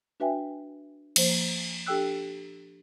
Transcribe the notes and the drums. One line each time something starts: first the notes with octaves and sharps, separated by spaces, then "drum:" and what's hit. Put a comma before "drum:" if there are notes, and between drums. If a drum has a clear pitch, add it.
D4 F#4 B4 E5 G5 G#5
F3 A#3 C5, drum: cymbal
D4 G4 A4 G5 E6 F#6